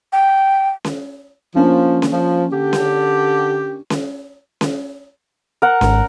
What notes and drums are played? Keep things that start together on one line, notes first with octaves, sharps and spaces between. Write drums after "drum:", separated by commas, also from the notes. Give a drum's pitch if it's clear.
G5
drum: snare C#4
F3 A#3 C#4 D4
drum: snare C#4
F3
D3 G4
drum: snare C#4
drum: snare C#4
drum: snare C#4
A#4 F#5
G#1 G#2, drum: snare C#4